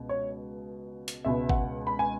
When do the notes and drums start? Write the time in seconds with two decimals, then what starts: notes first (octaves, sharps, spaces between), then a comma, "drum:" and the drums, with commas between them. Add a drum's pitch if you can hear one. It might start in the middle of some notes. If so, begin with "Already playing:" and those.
Already playing: C#2 B2
0.09 C#5
1.08 drum: hi-hat
1.25 C#2 B2 G#3 B3 E5
1.49 F#5, drum: kick G#1
1.87 B5
1.99 G#5